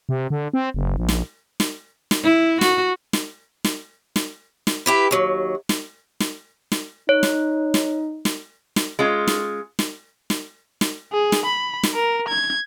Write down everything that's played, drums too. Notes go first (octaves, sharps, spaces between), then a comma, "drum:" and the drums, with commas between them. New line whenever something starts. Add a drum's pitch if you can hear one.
C3
D3
C4
F#1
A#1
drum: snare
drum: snare
drum: snare
E4
F#4, drum: snare
drum: snare
drum: snare
drum: snare
drum: snare
E4 G4 B4
D#2 F#3
drum: snare
drum: snare
drum: snare
D#4 C#5
drum: snare
drum: snare
drum: snare
drum: snare
G#3 C#4 F4
drum: snare
drum: snare
drum: snare
drum: snare
G#4
drum: snare
B5
drum: snare
A#4
G#6